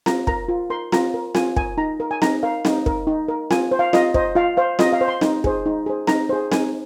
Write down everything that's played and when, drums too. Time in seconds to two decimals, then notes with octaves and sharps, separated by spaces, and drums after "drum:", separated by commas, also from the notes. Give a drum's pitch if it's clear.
0.06 F4 A#5, drum: snare C4
0.27 A#4 A#5, drum: kick
0.49 F4
0.70 A#4 C6
0.92 F4 A#5, drum: snare C4
1.14 A#4
1.35 F4 G#5, drum: snare C4
1.56 A#4 G#5, drum: kick
1.77 D#4 A#5
2.00 A#4
2.11 G#5
2.22 D#4 A#5, drum: snare C4
2.43 A#4 F5
2.65 D#4, drum: snare C4
2.86 A#4, drum: kick
3.07 D#4
3.28 A#4
3.51 F4 G#5, drum: snare C4
3.71 C5
3.79 F5
3.93 F4 D#5, drum: snare C4
4.14 C5 D#5, drum: kick
4.35 F4 F5
4.57 C5 F5
4.79 F4 D#5, drum: snare C4
4.93 F5
5.01 C5
5.08 C6
5.21 D#4, drum: snare C4
5.44 G#4 C5, drum: kick
5.66 D#4
5.86 G#4 C5
6.07 D#4 A#5, drum: snare C4
6.29 G#4 C5
6.52 D#4 G#5, drum: snare C4